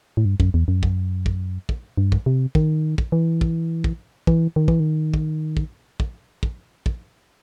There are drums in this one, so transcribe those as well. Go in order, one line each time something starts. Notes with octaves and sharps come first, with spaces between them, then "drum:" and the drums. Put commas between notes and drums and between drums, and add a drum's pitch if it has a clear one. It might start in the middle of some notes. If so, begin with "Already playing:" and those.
A2
G2
F#2, drum: kick
E2
F#2
drum: kick
drum: kick
drum: kick
G2
drum: kick
C3
D#3, drum: kick
drum: kick
E3
drum: kick
drum: kick
E3, drum: kick
D#3
E3, drum: kick
D#3
drum: kick
drum: kick
drum: kick
drum: kick
drum: kick